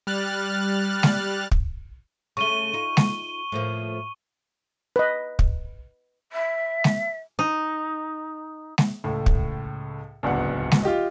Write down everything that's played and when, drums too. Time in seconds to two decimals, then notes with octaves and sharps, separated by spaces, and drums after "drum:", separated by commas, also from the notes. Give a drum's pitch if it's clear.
0.07 G3 F6 F#6 A6
1.03 drum: snare G#3
1.51 drum: kick
2.37 C#3 A3 C#6 D#7 G7
2.74 D#4 F4
2.97 drum: snare G#3
3.52 A2 F3 A#3
4.96 B4 D#5
5.39 drum: kick
6.32 E5
6.84 drum: snare G#3
7.39 D#4
8.78 drum: snare G#3
9.04 C#2 A2
9.26 drum: kick
10.23 D1 G1 C#2 D4 B4 F#5
10.72 drum: snare G#3
10.83 F4 G4 D#5